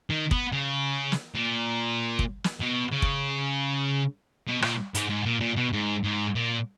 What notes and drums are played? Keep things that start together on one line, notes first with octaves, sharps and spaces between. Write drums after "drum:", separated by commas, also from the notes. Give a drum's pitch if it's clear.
D#3
B3, drum: kick
C#3
drum: snare
A#2
drum: kick
drum: snare
B2
C#3
drum: kick
B2
A#2, drum: rim click
G#2, drum: hi-hat
G#2
A#2
A#2
B2
G#2
G#2
A#2